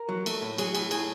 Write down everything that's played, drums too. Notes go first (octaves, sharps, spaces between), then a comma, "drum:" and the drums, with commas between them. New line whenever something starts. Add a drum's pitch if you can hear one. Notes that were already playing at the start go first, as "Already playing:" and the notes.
Already playing: A#4
F#3
A3, drum: cymbal
A2
F#3 G#4, drum: cymbal
A2 G#4, drum: cymbal
A2 G#4, drum: cymbal